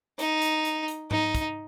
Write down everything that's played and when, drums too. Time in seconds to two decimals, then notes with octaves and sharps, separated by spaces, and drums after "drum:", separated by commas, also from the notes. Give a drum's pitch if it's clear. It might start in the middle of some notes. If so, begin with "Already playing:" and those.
0.19 D#4, drum: hi-hat
0.42 drum: hi-hat
0.65 drum: hi-hat
0.88 drum: hi-hat
1.11 D#4, drum: tom G#2
1.35 drum: kick, hi-hat